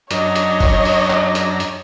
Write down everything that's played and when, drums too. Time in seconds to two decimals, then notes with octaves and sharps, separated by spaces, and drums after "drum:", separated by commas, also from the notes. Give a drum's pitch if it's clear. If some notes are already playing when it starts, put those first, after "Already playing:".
0.11 F#2 D4 C#5 D#5 A#5, drum: hi-hat
0.35 drum: hi-hat
0.60 drum: kick, open hi-hat
0.85 drum: open hi-hat
1.10 drum: clap
1.35 drum: hi-hat
1.60 drum: hi-hat